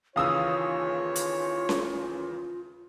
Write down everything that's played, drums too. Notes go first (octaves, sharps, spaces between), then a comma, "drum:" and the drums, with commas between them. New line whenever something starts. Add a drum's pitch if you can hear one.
D#2 C#3 E3 F4 C#5 F5 D#6 E6
drum: hi-hat
drum: snare C#4